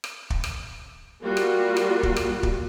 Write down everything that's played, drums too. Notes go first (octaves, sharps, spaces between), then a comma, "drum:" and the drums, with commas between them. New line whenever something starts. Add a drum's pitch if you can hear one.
drum: rim click
drum: kick
drum: rim click
G3 A#3 F4 F#4
drum: rim click
drum: rim click
drum: kick
drum: rim click
drum: kick